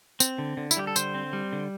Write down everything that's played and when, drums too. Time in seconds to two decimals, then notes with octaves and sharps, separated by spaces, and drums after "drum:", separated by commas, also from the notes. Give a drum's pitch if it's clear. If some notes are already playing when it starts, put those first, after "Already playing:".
0.20 C4, drum: tambourine
0.38 D3
0.57 D3
0.71 E4, drum: tambourine
0.77 G3 G4
0.87 A4
0.96 D3 C5, drum: tambourine
1.14 C4
1.33 G3
1.53 D3